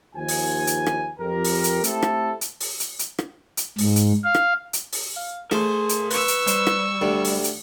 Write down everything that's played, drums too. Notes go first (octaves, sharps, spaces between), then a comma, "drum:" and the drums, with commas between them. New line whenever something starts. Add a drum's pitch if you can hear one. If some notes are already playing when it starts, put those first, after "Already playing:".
D#2 F3 G#5
drum: open hi-hat
drum: hi-hat
drum: rim click
F2 G4 A#4
drum: open hi-hat
drum: hi-hat
A3 C4 E4 G4 A4, drum: hi-hat
drum: rim click
drum: hi-hat
drum: open hi-hat
drum: hi-hat
drum: hi-hat
drum: rim click
drum: hi-hat
G#2, drum: open hi-hat
drum: hi-hat
F5
drum: rim click
drum: hi-hat
drum: open hi-hat
F5
A3 G#4 A#4 C5 C6, drum: rim click
drum: hi-hat
B4 C#6 E6, drum: open hi-hat
drum: hi-hat
G3 C5, drum: hi-hat
drum: rim click
D2 D3 G4
drum: open hi-hat
drum: hi-hat